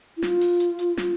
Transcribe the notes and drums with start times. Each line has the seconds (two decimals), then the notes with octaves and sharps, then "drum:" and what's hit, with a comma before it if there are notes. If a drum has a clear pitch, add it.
0.17 E4
0.22 F4, drum: snare
0.41 drum: open hi-hat
0.60 drum: hi-hat
0.79 drum: hi-hat
0.97 drum: snare